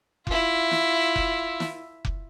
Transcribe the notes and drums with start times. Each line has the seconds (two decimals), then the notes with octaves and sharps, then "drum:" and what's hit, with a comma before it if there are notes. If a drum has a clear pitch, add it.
0.27 E4 F4, drum: kick F1
0.71 drum: snare
1.16 drum: kick F1
1.60 drum: snare
2.05 drum: kick F1